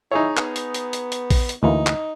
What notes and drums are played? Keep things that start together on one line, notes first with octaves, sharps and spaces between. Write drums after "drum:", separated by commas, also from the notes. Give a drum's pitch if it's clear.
D#4 E4 G#4 C#5
B3, drum: clap
drum: hi-hat
drum: hi-hat
drum: hi-hat
drum: hi-hat
drum: kick A#1, open hi-hat
drum: hi-hat
D2 E3 A#3 D#4
drum: clap